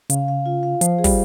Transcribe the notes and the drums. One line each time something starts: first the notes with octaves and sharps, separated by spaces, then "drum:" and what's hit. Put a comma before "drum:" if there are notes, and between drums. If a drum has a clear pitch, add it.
C#3 F5, drum: hi-hat
F5
F4
F5
F3 C5, drum: hi-hat
G#4
G3, drum: kick, open hi-hat